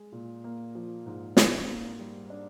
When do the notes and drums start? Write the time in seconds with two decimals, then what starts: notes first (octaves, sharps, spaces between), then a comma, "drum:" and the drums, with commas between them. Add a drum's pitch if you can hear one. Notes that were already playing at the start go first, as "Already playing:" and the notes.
Already playing: G#3 G#4
0.12 A#2
0.44 A#3
0.75 F3
1.06 G#2
1.37 G#2, drum: snare
1.68 A#3
1.99 G3
2.30 D4